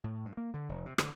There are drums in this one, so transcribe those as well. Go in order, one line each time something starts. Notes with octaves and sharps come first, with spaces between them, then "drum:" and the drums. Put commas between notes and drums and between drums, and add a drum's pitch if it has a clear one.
A2
G2
A#3
D3
F1
C3
D3, drum: rim click